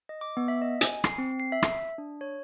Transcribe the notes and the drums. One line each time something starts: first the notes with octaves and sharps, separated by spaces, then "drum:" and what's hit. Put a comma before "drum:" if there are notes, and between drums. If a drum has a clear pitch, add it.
D#5
D6
B3
E5
D#5
G#5, drum: hi-hat
C7, drum: rim click
C4
C7
E5
drum: rim click
D4
C#5